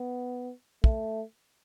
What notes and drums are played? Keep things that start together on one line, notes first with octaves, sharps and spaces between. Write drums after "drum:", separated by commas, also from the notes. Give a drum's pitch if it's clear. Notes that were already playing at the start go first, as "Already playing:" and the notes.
Already playing: B3
A3, drum: kick